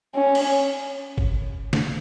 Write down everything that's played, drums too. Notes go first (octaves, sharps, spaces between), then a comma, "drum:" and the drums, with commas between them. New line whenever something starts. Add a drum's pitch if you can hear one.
C#4
drum: cymbal
drum: kick
drum: snare